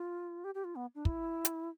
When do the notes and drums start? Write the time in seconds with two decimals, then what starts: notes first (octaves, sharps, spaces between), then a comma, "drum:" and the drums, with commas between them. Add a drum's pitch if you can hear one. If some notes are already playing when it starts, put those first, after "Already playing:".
Already playing: F4
0.44 G4
0.55 G4
0.64 F4
0.76 B3
0.95 D4
1.05 E4, drum: kick
1.45 drum: hi-hat